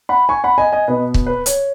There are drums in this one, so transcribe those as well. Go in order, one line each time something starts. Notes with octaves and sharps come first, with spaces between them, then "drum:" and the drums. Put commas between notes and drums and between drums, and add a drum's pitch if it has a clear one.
F#5 B5
G#5 C#6
F#5 B5
D#5 G#5
D#5 G#5
B2 B3 B4 D#5
drum: kick C#1
B4
C#5, drum: hi-hat